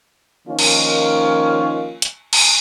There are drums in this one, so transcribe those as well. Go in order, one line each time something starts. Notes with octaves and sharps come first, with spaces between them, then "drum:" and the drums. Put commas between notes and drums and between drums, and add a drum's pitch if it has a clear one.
D#3 F3 A#3 C#4 D#4 F4
drum: cymbal
drum: hi-hat
drum: cymbal